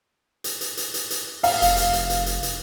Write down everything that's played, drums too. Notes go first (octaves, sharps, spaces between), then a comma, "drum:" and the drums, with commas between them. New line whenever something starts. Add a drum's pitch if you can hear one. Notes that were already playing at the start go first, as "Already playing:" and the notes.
drum: hi-hat
drum: hi-hat
drum: hi-hat
drum: hi-hat
drum: hi-hat
F5, drum: open hi-hat
F1, drum: hi-hat
drum: hi-hat
drum: hi-hat
drum: hi-hat
drum: hi-hat
drum: hi-hat